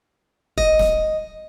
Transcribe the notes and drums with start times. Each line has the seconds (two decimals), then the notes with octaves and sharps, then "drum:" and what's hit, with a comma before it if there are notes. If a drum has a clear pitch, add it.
0.58 D#5, drum: kick
0.79 drum: snare